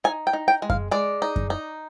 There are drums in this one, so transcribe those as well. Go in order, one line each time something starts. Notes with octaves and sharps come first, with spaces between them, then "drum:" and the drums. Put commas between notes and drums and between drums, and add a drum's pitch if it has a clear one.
D#4 G#5
G5
D#4
G5
G#3
F5, drum: kick F#2
G#3 D5
D#4
drum: kick F#2
D#4